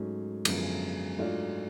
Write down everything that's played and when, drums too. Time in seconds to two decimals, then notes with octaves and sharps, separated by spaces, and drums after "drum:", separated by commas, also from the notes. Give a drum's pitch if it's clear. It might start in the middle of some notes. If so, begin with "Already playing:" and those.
Already playing: G#2 F#3 A3 C#4
0.45 F#2 D3 F3 G#3 B3, drum: cymbal
1.18 G#2 F#3 A3 D4 F4